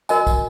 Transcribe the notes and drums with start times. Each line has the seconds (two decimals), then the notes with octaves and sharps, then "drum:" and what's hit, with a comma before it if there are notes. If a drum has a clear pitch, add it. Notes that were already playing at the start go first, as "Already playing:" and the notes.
0.09 F#4 A#4 D#5 G#5, drum: tambourine
0.27 drum: kick, tambourine